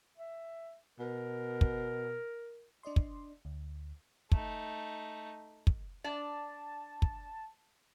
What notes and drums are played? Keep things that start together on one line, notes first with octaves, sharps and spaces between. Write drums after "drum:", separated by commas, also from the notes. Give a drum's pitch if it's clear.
E5
B2 A#4
drum: kick
D4 D5 D#5 C6
drum: kick
D2
A3 D#4, drum: kick
drum: kick
D4 D5 A5
drum: kick